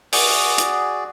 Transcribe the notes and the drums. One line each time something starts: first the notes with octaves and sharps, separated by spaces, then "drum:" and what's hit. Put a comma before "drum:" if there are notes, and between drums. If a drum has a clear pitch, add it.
F#4 G#4 D5, drum: open hi-hat
drum: hi-hat